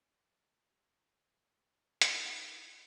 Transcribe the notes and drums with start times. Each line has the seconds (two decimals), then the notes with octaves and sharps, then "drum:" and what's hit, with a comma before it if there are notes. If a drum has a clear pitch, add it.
2.02 D#4 E4, drum: hi-hat